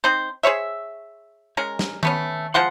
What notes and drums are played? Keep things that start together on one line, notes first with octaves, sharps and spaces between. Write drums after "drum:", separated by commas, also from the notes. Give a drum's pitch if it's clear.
C4 D#4 C5
G#4 C5 C#5 E5
G#3 C#4 A#4
drum: snare
A3 B3 C#4, drum: tom D#3
F3 G#3 F#5 C6